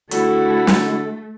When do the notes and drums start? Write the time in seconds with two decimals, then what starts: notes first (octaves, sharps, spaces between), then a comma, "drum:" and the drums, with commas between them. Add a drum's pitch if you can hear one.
0.11 D3 A3 E4 F#4 A4, drum: hi-hat
0.67 drum: snare